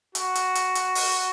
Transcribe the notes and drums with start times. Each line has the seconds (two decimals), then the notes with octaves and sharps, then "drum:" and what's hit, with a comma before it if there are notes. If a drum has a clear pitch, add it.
0.15 F#4, drum: hi-hat
0.35 drum: hi-hat
0.55 drum: hi-hat
0.75 drum: hi-hat
0.95 drum: open hi-hat